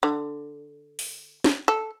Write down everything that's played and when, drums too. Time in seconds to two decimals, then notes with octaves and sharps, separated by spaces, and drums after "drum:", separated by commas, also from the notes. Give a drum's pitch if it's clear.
0.03 D3
0.99 drum: open hi-hat
1.44 drum: snare
1.68 A4